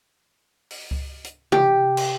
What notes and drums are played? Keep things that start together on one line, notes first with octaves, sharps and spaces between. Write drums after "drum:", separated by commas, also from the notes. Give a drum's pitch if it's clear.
drum: open hi-hat
drum: kick C#2
drum: hi-hat
G4, drum: tom C3
drum: cymbal